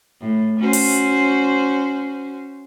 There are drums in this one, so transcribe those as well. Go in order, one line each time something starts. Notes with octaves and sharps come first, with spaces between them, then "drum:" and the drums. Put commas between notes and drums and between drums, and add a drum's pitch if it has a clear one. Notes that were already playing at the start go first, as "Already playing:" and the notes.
A2
C#4 F#4 C5
drum: open hi-hat